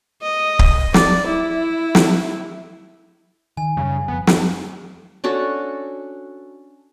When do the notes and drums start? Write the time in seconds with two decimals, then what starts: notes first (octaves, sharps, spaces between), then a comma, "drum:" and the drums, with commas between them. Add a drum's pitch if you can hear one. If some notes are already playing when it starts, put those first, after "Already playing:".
0.22 D#5
0.59 drum: kick C#1
0.94 D5, drum: snare
1.28 E4
1.95 drum: snare
3.57 D#3 G#5
3.77 F#2 C#3 G3
4.08 F#1 F2 B3
4.27 drum: snare
5.24 C#4 D4 F#4 A4